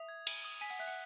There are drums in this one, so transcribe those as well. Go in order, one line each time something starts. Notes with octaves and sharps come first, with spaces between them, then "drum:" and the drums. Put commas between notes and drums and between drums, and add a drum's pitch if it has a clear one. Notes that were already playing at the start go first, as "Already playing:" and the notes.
Already playing: E5 D#6
G#6
D#7, drum: cymbal
D#6
G#5 B6
F#5
E5 F#6
F#5